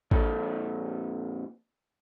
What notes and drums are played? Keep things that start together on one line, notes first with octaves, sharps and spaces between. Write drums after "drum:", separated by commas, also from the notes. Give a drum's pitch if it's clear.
F2 A#2 A4, drum: kick